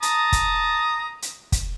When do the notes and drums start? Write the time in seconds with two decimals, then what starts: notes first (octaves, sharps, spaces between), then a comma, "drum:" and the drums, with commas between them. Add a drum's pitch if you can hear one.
0.02 A5 A#5 D#6, drum: hi-hat
0.32 drum: kick, hi-hat
1.22 drum: hi-hat
1.52 drum: kick, hi-hat